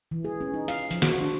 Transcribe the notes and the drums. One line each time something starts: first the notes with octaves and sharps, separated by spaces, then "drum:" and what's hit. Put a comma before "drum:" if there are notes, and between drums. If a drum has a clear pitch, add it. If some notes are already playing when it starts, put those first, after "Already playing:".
E3
G#4
C#4
D#4
F5, drum: hi-hat
F3, drum: hi-hat
F#4, drum: snare
D4